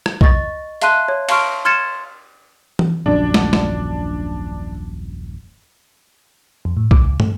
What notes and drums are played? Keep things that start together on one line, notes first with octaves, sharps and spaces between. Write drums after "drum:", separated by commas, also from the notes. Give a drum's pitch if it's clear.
drum: rim click
D#5 C#6 A6, drum: kick
E5 F5 A5 C6 F#6 D#7, drum: hi-hat
C#5
F5 A5 C6 C#6 F6 D7, drum: cymbal
C6 F6 G#6 A6 C#7 E7
drum: tom E3
D#1 A#1 F#2 D4
drum: snare
drum: snare
F2
A2
D6, drum: kick
C#2
A3, drum: tom